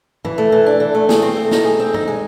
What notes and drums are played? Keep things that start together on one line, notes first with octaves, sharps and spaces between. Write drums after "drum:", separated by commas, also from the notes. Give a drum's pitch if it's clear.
E3, drum: tom G2
A3
E3
D4
E3
A3
G#4, drum: snare
C4
A3
D#4, drum: snare
G#4
C4
D#4, drum: tom G2
G#3